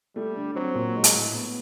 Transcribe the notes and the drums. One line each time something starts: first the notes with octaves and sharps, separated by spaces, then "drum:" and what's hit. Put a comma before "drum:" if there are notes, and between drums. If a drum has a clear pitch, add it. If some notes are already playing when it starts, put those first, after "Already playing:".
G3 A3
D3
F#3 C4
A#2
G#3
drum: hi-hat
A2
B3